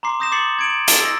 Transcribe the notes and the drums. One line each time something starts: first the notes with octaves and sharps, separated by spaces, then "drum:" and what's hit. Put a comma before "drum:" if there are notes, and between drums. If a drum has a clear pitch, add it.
A#5 C6 D6 C7
D#6 G6 A#6 C7 E7
D6 D#6 A6 C7 C#7 F#7
G#6 C#7 D7 E7 F#7
A6, drum: hi-hat
E6 A#6